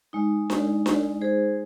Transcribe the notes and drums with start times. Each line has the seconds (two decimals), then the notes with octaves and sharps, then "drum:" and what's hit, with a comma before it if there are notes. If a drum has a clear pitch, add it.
0.13 G#3 D#4
0.50 drum: snare D4
0.86 drum: snare D4
1.21 G#4 C5